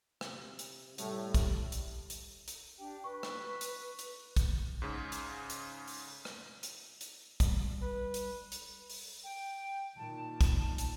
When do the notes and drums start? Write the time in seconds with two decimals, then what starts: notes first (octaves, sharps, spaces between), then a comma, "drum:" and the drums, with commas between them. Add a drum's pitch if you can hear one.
0.21 C3, drum: rim click
0.59 drum: hi-hat
0.98 A2 G3, drum: hi-hat
1.34 drum: kick A#1, hi-hat
1.72 drum: hi-hat
2.10 drum: hi-hat
2.48 drum: hi-hat
2.78 D4 G4 G5
3.04 B4 C#6
3.23 drum: rim click
3.61 drum: hi-hat
3.99 drum: hi-hat
4.36 drum: kick A#1, hi-hat
4.82 G#2 C#3
5.12 drum: hi-hat
5.50 drum: hi-hat
5.88 drum: open hi-hat
6.25 drum: rim click
6.63 drum: hi-hat
7.01 drum: hi-hat
7.40 G3, drum: kick A#1, hi-hat
7.82 B4
8.14 drum: hi-hat
8.52 drum: hi-hat
8.90 drum: open hi-hat
9.24 G5
9.97 A#2 D#3 A5
10.41 drum: kick A#1, hi-hat
10.78 drum: hi-hat